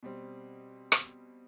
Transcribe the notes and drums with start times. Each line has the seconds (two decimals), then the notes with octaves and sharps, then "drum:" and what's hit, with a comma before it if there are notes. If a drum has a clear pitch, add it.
0.03 B2 G3 C4
0.92 drum: rim click